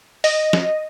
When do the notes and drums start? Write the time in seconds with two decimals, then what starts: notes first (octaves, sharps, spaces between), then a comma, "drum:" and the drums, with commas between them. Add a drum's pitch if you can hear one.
0.24 D#5, drum: open hi-hat
0.53 drum: snare